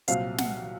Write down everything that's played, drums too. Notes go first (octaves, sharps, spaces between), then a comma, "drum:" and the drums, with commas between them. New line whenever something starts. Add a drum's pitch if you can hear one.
C2 A#2 F#3 C4 F5, drum: hi-hat
F#5, drum: snare